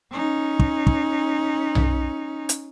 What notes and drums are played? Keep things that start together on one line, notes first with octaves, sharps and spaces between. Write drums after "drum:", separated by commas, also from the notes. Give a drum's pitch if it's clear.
C#4 D#4
drum: kick
drum: kick
drum: tom B1
drum: hi-hat